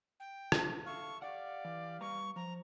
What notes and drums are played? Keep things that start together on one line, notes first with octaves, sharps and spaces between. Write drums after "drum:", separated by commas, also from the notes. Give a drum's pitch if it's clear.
G5
drum: rim click
A4 E5 F5 C#6
G4 D5 F5 F#5
E3
G3 B4 A#5 C#6
F3 A#5